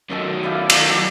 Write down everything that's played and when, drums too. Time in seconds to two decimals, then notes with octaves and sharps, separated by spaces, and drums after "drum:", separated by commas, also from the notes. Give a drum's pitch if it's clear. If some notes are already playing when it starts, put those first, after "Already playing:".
0.10 F#2 D#3 F#3 A4 A5
0.43 E4 D5 F5
0.70 F#4 A4 D5, drum: cymbal